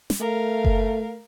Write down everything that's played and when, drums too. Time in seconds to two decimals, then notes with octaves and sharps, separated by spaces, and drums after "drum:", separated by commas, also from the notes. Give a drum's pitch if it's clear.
0.10 drum: snare
0.20 A3 A#4 F5
0.65 drum: kick F#1